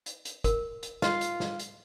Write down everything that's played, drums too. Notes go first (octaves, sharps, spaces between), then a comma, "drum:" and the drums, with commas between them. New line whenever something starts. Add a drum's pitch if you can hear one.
drum: hi-hat
drum: hi-hat
A#4, drum: kick, hi-hat
drum: hi-hat
F4, drum: snare
drum: hi-hat
drum: snare
drum: hi-hat